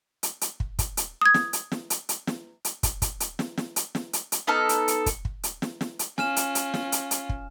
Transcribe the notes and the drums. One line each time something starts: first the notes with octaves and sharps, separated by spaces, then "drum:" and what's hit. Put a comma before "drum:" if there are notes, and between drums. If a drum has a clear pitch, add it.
drum: hi-hat
drum: hi-hat
drum: kick
drum: kick, hi-hat
drum: hi-hat
D#6 G#6
drum: snare
drum: hi-hat
drum: snare
drum: hi-hat
drum: hi-hat
drum: snare
drum: hi-hat
drum: kick, hi-hat
drum: kick, hi-hat
drum: hi-hat
drum: snare
drum: snare
drum: hi-hat
drum: snare
drum: hi-hat
drum: hi-hat
B3 D#4 A4 F6
drum: hi-hat
drum: hi-hat
drum: kick, hi-hat
drum: kick
drum: hi-hat
drum: snare
drum: snare
drum: hi-hat
C#4 F4 G#5 F6 E7, drum: snare
drum: hi-hat
drum: hi-hat
drum: snare
drum: hi-hat
drum: hi-hat
drum: kick